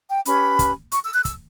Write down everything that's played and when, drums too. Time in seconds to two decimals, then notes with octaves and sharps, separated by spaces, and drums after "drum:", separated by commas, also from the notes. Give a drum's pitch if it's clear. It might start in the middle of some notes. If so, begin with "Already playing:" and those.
0.10 G5
0.25 C#4 G4 B4 B5, drum: hi-hat
0.59 drum: kick, hi-hat
0.92 C#6, drum: hi-hat
1.03 E6
1.14 F#6
1.25 E6, drum: kick, hi-hat